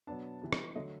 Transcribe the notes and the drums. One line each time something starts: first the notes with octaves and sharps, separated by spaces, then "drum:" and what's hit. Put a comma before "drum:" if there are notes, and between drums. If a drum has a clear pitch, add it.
B2 F#3 B3 D4 A5
E3 G3 B3
drum: rim click
D3 F#3 A3 D#5